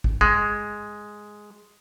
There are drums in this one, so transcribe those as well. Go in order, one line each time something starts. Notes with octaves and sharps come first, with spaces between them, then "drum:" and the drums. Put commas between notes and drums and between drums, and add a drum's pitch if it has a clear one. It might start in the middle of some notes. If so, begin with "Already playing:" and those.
drum: kick
G#3, drum: kick